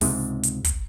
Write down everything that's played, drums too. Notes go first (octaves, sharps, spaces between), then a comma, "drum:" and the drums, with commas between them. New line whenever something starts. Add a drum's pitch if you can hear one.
C#2 G#2 C3, drum: open hi-hat
drum: hi-hat
drum: kick, hi-hat